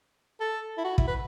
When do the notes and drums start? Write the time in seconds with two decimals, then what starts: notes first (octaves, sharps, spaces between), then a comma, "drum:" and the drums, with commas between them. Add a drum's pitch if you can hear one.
0.40 A4
0.78 E4
0.84 F#4
0.98 E4, drum: kick
1.07 B4